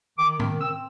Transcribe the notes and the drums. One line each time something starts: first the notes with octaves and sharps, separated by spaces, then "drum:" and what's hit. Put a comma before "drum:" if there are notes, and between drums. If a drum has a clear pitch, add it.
D#3 D6
D#3, drum: tom
C4 E6